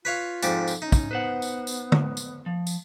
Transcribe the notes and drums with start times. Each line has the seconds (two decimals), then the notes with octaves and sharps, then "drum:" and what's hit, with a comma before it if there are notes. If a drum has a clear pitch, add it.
0.05 F4 B4 C#5 F5
0.43 F2 G#2 D5, drum: tambourine
0.67 drum: tambourine
0.82 C#4 D#4
0.92 drum: kick, tambourine
1.11 B3 B4 C5 F#5
1.42 drum: tambourine
1.67 drum: tambourine
1.92 drum: tom D3
2.17 drum: tambourine
2.46 F3
2.67 drum: tambourine